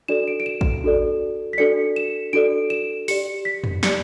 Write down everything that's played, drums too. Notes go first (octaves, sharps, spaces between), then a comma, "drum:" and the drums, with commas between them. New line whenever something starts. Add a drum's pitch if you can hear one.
D4 F#4 A4 D5 E7
D7
D7
E7
drum: kick
D4 F#4 A4 D5
B6
D4 F#4 A4 D5 C#7
E7
D4 F#4 A4 D5 D7
E7
G4 D5 C#7, drum: open hi-hat
B6
drum: tom F2
G4 D5 C#7, drum: snare